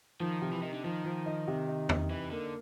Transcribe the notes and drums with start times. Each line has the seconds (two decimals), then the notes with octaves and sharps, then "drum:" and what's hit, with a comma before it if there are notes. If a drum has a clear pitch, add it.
0.20 D#3 F3
0.42 C3
0.52 E3
0.62 D#3 D#4
0.74 D3
0.84 D#3 F3
1.05 F3
1.26 D#4
1.48 C3
1.68 D#4
1.89 C3, drum: tom E2
2.10 E3 D#4
2.31 D3 A#3